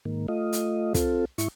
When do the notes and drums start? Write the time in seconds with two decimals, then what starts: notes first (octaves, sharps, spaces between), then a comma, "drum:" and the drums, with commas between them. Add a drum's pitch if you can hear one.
0.05 G#2 D#3 A#3
0.28 A3 F4 D#5
0.53 drum: hi-hat
0.94 C4 F4 A4, drum: kick, hi-hat
1.38 G#2 E4 C#6, drum: hi-hat